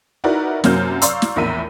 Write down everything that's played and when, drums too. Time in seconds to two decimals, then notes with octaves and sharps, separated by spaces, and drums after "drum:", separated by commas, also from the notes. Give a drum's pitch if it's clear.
0.24 D#4 E4 F#4 A#4 B4 D5
0.64 F#2 C3 F#3 A#3 F6 G6, drum: snare
1.02 D5 F5 A#5 C6 C#6 E6, drum: hi-hat
1.22 drum: snare
1.36 A#1 E2 A2 A#4 E5 D#7